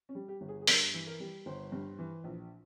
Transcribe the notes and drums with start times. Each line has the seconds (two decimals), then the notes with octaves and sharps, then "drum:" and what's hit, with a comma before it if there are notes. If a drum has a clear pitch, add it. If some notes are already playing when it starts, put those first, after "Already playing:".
0.09 C#4
0.15 G3
0.28 G4
0.41 G1
0.48 G#4
0.61 G#4
0.67 G2 A#4, drum: open hi-hat
0.94 E3
1.07 A#4
1.20 G3
1.46 G1 C5
1.72 G2
1.98 E3
2.24 A#1